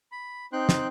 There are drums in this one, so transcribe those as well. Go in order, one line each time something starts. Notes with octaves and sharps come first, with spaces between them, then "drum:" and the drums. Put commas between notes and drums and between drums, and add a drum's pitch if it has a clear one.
B5
C4 D#4 G5 C6 F#6
drum: snare